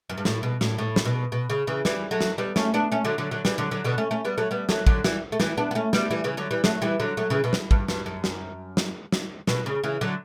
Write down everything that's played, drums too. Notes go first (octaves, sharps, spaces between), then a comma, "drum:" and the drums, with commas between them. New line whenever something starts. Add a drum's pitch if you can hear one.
F#2
G2
A2, drum: snare
B2
A2, drum: snare
A2
drum: snare
B2
B2
C#3
C#3 E3
E3 G3, drum: snare
F#3 A3
drum: snare
G3 B3
A3 C#4, drum: snare
B3 D4
A3 C#4
D3 F#3
D3 F#3
D3 F#3
E3 G3, drum: snare
D3 F#3
D3 F#3
B2 D3
A3 C#4
A3 C#4
G3 B3
F#3 A3
G3 B3
F#3 A3, drum: snare
D3 F#3, drum: kick A1
E3 G3, drum: snare
A3
E3 G3, drum: snare
B3 D4
B3
A3 C#4
G3 B3, drum: snare
E3 G3
C#3 E3
D3 F#3
E3 G3
F#3 A3, drum: snare
E3 G3
D3 F#3
F#3 A3
C#3 E3
B2
drum: snare
G2, drum: kick A1
G2, drum: snare
F#2
drum: snare
drum: snare
drum: snare
B2, drum: snare
C#3
C#3 E3
D3 F#3